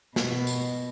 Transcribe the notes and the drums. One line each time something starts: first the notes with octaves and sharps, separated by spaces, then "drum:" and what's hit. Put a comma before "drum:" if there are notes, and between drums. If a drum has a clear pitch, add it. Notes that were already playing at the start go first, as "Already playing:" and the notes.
B2, drum: snare
drum: tambourine